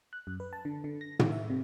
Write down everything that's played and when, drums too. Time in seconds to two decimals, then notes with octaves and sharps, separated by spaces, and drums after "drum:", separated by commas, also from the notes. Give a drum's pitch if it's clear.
0.13 F#6
0.27 F#2
0.40 B4
0.53 A5
0.65 D3
0.84 D3
1.01 A#6
1.19 D#3, drum: tom
1.32 E5
1.50 C3